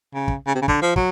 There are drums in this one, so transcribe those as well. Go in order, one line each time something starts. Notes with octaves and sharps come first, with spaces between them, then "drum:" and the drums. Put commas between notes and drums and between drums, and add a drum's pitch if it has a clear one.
C#3
drum: kick
C#3
C3
C#3
D3, drum: kick
F3
F#3, drum: kick